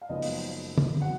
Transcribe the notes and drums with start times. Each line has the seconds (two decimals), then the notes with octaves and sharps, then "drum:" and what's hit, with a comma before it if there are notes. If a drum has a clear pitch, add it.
0.01 F5
0.09 F#1 F#2 F3 G#3 B3 D#4 D#5
0.22 drum: open hi-hat
0.78 drum: tom
1.01 F#4 F#5